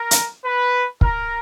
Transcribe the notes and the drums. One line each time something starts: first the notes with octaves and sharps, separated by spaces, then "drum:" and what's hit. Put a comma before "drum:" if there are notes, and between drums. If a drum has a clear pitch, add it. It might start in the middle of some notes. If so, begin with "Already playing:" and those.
Already playing: A#4
drum: hi-hat
B4
A#4, drum: kick